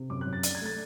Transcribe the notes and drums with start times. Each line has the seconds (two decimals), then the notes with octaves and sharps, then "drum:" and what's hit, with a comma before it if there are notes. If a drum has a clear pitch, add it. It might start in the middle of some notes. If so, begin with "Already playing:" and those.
Already playing: C3
0.10 F#2 D6
0.21 F#6
0.26 F#2
0.33 A6
0.43 D4 A6, drum: hi-hat
0.55 G#6
0.61 A3 A6